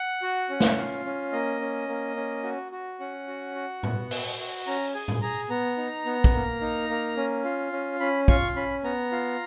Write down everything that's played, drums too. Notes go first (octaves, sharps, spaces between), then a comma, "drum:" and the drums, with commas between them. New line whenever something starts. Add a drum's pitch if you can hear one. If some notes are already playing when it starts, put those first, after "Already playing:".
Already playing: F#5
F#4
C#4
drum: snare
F4
C#4
A#3 D#5
C#4
A#3
C#4
F#4
F#4
C#4 F#5
F#4
F#4
B3, drum: tom A2
F#4, drum: open hi-hat
F#4
C#4 A#5
G#4 G#5
drum: tom A2
G#4 A#5
B3 A#5
D#4
B3
drum: kick
A#3
D#4
A#3
C#4
F4
C#4
C#4 B5
F4 C#6, drum: kick
C#4 B5
B3 A#5
F4